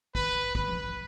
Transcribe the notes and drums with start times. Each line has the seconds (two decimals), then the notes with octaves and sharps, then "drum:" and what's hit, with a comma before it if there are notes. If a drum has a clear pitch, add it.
0.15 B4, drum: kick
0.55 B4, drum: kick
0.68 drum: tom F3